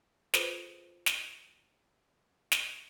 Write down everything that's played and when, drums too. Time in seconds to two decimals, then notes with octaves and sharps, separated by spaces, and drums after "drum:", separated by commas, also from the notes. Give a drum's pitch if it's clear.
0.34 F4 G#4 A4 B4 C5, drum: snare
1.06 drum: snare
2.52 drum: snare